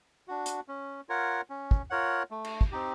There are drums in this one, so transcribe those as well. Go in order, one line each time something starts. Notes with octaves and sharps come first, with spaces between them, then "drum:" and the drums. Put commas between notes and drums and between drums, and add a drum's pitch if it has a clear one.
D4 F#4
drum: hi-hat
C#4
F4 A#4 C#5 F#5
C#4
drum: kick
F4 A#4 C#5 F#5
A3
drum: cymbal
drum: kick
C4 D#4 G4